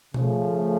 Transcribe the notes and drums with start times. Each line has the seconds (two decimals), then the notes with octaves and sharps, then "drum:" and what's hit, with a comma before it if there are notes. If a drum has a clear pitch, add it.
0.14 C#3 F3 A3, drum: tom B2